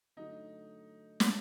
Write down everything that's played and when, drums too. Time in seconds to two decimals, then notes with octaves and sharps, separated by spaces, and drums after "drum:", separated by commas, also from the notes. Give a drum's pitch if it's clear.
0.16 D3 F#3 A3 D#4
1.20 drum: snare